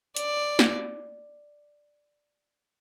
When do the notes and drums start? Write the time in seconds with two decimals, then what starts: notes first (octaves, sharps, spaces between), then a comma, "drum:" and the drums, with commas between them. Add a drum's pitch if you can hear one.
0.16 D5, drum: hi-hat
0.59 drum: snare